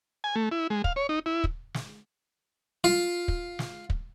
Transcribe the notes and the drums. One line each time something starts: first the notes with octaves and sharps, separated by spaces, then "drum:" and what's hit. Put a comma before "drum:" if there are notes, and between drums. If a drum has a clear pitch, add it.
G#5
A3
E4
G#3
F5, drum: kick
C#5
D#4
E4
drum: kick
drum: snare
F4
drum: kick
drum: snare
drum: kick